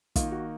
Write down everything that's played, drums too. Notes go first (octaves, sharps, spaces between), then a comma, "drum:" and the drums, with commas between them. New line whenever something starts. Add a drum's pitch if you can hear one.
D#3 A#3 D#4 F4, drum: kick, hi-hat
F#4